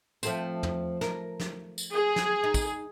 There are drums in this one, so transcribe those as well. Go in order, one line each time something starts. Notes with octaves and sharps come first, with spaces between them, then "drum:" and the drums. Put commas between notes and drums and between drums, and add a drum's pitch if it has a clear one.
F3 A3 C4, drum: tambourine
drum: tom
A#4, drum: snare
drum: snare
drum: tambourine
G#4
drum: snare
D#4
drum: kick, tambourine